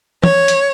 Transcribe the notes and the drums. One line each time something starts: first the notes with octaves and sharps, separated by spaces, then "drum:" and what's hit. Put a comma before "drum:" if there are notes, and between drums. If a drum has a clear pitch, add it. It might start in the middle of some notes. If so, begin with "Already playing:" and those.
C#5, drum: tom
drum: hi-hat